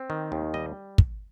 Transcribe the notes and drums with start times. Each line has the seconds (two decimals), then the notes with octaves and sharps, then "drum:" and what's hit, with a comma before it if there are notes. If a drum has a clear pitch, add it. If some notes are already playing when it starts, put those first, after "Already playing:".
Already playing: C4
0.10 D#3
0.32 D#2
0.54 G3 D#5
0.98 drum: kick